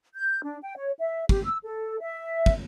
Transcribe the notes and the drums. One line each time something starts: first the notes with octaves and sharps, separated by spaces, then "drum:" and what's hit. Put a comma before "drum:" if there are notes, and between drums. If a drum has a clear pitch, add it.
G6
D4
G5
C#5
E5
G4, drum: kick
E6
A4
E5
drum: kick